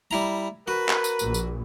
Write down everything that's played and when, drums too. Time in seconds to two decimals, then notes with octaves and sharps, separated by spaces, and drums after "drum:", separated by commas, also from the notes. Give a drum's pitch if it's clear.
0.11 G3 E4 A#5
0.68 F#4 A#4 B4
0.89 drum: clap
1.04 drum: tambourine
1.19 A#1, drum: tambourine
1.34 drum: tambourine